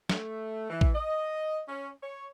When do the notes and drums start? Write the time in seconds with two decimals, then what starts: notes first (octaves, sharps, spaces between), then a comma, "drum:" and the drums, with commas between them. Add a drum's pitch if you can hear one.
0.09 A3, drum: snare
0.70 E3
0.81 drum: kick A1
0.95 D#5
1.68 C#4
2.03 C#5